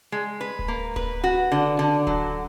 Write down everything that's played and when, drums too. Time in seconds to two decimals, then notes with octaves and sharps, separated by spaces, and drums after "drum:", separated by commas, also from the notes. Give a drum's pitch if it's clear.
0.12 G#3
0.41 B4
0.59 drum: kick D1
0.68 A#3
0.96 B4, drum: kick D1
1.24 F#4
1.52 D3
1.79 D3
2.07 F#3, drum: kick D1